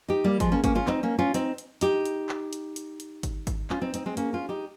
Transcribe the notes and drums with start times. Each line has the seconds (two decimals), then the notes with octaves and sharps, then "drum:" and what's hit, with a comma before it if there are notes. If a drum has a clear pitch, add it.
0.08 D#4 G4
0.24 G3 A#3
0.40 F3 G#3, drum: kick G#1, hi-hat
0.52 A#3 C#4
0.64 A#3 C#4, drum: kick G#1, hi-hat
0.75 C#4 F4
0.87 C4 D#4, drum: clap
1.03 A#3 C#4
1.19 C#4 F4
1.34 C4 D#4, drum: hi-hat
1.58 drum: hi-hat
1.81 D#4 G4, drum: hi-hat
2.05 drum: hi-hat
2.29 drum: clap
2.53 drum: hi-hat
2.76 drum: hi-hat
3.00 drum: hi-hat
3.23 drum: kick G#1, hi-hat
3.47 drum: kick G#1, hi-hat
3.70 C#4 F4, drum: clap
3.82 C4 D#4
3.94 C4 D#4, drum: hi-hat
4.06 G#3 C4
4.17 A#3 C#4, drum: hi-hat
4.33 C#4 F4
4.49 D#4 G4